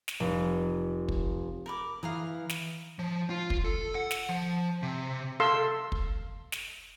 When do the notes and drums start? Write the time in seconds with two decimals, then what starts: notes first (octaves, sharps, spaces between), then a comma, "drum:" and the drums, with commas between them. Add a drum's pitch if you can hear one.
0.08 drum: snare
0.20 F1
1.08 drum: kick
1.66 A#4 B5 D6
2.03 E3 F5 A#5 D#6
2.49 drum: snare
2.99 F3
3.30 F4
3.50 drum: kick
3.65 A4
3.95 F#5
4.11 drum: snare
4.29 F3
4.83 C3
5.40 A4 F5 C6 E6
5.92 drum: kick
6.52 drum: snare